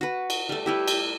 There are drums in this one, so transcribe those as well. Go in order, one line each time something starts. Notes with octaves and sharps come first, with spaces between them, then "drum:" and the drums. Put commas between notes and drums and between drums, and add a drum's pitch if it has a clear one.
F#4 B4
drum: cymbal
G3 A3
G3 E4 G4 B4
drum: cymbal